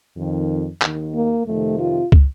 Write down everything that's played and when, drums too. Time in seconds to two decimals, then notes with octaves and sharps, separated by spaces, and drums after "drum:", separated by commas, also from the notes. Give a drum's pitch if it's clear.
0.17 F2 D#3
0.82 D#2 D#3, drum: clap
1.15 A#3
1.47 F2 C3 D#3 A3
1.80 F4
2.12 drum: kick